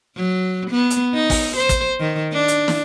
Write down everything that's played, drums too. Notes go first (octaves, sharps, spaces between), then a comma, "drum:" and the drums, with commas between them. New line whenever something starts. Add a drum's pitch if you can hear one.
F#3
B3
drum: hi-hat
D#4
drum: kick, open hi-hat
C5
drum: kick, hi-hat
D#3
D4
drum: hi-hat
drum: snare